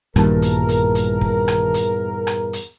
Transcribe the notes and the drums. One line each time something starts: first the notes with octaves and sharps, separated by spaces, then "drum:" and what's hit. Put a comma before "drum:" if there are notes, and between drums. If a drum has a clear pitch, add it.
A#1 E2 G2 A#2 D#3 G3 A#4 A5, drum: rim click
drum: hi-hat
drum: hi-hat
drum: hi-hat
drum: kick
drum: rim click
drum: hi-hat
drum: rim click
drum: hi-hat